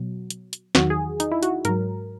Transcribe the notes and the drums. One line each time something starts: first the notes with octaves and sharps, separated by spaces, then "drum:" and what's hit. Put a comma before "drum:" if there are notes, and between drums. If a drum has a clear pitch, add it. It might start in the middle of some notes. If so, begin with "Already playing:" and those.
Already playing: B2 F#3
drum: hi-hat
drum: hi-hat
E2 D#3 F#3 F#4, drum: snare
G#4
D#4, drum: hi-hat
E4
F#4, drum: hi-hat
G#2 F#3 A#4, drum: hi-hat